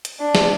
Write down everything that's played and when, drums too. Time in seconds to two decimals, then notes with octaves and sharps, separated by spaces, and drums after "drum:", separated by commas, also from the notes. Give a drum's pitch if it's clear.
0.05 drum: hi-hat
0.20 D4
0.35 drum: snare